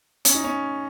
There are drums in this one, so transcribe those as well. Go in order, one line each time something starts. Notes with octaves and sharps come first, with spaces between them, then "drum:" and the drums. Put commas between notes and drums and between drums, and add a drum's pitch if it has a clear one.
C#4, drum: hi-hat
D#4
C#4